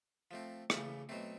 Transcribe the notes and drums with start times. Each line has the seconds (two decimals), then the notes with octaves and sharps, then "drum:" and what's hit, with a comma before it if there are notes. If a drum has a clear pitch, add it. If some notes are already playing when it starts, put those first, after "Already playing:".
0.31 F3 A3 C4
0.70 C#3 E3 A3, drum: rim click
1.09 B2 F#3 A3 C4